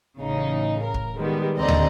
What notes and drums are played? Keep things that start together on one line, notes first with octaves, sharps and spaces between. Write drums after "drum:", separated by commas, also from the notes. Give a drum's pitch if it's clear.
A1 C#3 D#4
A#4
drum: kick
D#3 G3 G#3 B3
D#2 D3 C4 D5 D#5 A#5
drum: tom